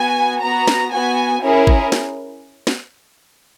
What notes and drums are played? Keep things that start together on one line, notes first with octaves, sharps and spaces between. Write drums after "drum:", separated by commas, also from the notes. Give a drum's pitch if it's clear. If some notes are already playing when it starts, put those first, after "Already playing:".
Already playing: B3 F#4 G#5
B3 F#4 A#5
drum: snare
B3 F#4 G#5
C#4 E4 G#4 A#4
drum: kick
drum: snare
drum: snare